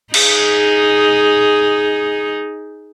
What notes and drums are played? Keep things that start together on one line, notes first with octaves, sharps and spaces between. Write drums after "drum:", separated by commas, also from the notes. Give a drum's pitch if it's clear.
D#4 G#4, drum: cymbal